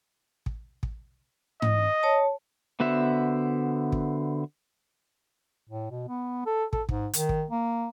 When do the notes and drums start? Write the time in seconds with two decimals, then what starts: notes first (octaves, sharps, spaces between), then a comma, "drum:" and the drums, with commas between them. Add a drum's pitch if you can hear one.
0.46 drum: kick
0.83 drum: kick
1.62 D#5, drum: tom G#2
2.03 C#5 A5
2.80 D3 B3 F#4 C5 E5
3.92 drum: kick
5.69 A2
5.91 B2
6.09 B3
6.46 A4
6.73 A4, drum: kick
6.89 G#2, drum: kick
7.13 D#3, drum: hi-hat
7.29 drum: kick
7.50 A#3